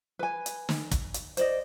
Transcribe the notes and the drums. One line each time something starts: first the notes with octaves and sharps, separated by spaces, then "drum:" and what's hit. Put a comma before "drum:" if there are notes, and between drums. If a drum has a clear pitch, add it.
B4 G#5
drum: hi-hat
drum: snare
drum: kick, hi-hat
drum: hi-hat
C5 D5 D#5, drum: hi-hat